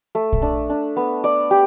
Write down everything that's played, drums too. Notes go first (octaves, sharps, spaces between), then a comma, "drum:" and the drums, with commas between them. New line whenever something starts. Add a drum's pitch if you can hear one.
A3
drum: kick A#1
D4
D4
B3
D5
G4